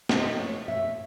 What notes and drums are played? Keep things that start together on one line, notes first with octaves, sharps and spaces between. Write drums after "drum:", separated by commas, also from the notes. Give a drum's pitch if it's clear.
B2 D#5, drum: snare
A3 C#5
B2 E5